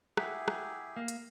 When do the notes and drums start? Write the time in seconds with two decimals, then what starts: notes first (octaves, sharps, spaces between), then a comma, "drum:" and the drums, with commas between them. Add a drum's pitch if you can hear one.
0.17 E4 G4 G#4 E5 F#5 B6, drum: rim click
0.48 drum: rim click
0.96 A#3 F5
1.08 drum: hi-hat